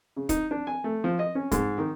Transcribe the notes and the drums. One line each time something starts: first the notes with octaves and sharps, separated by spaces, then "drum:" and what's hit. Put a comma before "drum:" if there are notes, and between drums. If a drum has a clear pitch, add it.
C#3
D#4, drum: kick, hi-hat
D4
G#5
A3
F3
D#5
C#4
G#2, drum: kick, hi-hat
D#3